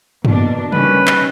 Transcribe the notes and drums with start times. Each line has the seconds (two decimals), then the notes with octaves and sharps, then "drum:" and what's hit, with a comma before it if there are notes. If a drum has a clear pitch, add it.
0.25 B2 A#3 D4, drum: tom G2
0.72 D#3 G3 C#4 B4, drum: tom C3
1.07 drum: clap